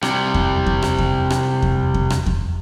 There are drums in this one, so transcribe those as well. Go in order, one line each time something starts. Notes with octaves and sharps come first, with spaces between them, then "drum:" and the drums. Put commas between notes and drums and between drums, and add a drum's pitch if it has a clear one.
C3 G3, drum: rim click
drum: kick E2
drum: kick E2
drum: rim click
drum: kick E2
drum: rim click
drum: kick E2
drum: kick E2
drum: rim click
drum: kick E2